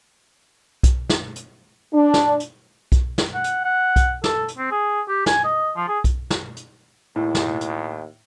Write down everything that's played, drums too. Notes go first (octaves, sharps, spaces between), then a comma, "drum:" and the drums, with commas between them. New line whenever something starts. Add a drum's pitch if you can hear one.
drum: kick B1, hi-hat
drum: snare
drum: hi-hat
D4
drum: snare
drum: hi-hat
drum: kick B1, hi-hat
drum: snare
F#5
drum: hi-hat
F#5
drum: kick B1, hi-hat
A4, drum: snare
drum: hi-hat
C4
G#4
G4
G#5, drum: snare
D#5
F3
G#4
drum: kick B1, hi-hat
drum: snare
drum: hi-hat
D#2 A2
drum: snare
drum: hi-hat